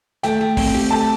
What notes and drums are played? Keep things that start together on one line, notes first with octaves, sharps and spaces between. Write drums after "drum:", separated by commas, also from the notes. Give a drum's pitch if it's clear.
A3 G5, drum: hi-hat
A3
C4, drum: kick, open hi-hat
G4
A3 A5